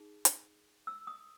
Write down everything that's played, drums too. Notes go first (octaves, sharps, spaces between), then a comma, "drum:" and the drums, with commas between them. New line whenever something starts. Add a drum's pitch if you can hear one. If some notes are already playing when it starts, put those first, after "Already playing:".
Already playing: D#4 G#4
drum: hi-hat
E6
D#6